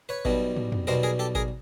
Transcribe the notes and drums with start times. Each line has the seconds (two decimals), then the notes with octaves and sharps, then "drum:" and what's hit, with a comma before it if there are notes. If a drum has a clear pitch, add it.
0.09 B4 C#5
0.25 B1 B2 G3, drum: kick G#1
0.56 drum: tom
0.72 drum: tom
0.87 B1 B2 G3 A#4 C5
1.03 G#4 A#4
1.19 G4 A4
1.35 G#4 A#4, drum: kick G#1